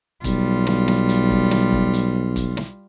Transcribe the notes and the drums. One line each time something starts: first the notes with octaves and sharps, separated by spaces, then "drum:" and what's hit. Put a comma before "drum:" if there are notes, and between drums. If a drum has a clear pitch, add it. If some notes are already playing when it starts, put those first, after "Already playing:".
B1 G3 F4, drum: kick E1, hi-hat
drum: snare
drum: snare
drum: hi-hat
drum: kick E1
drum: snare
drum: kick E1
drum: hi-hat
drum: kick E1, hi-hat
drum: snare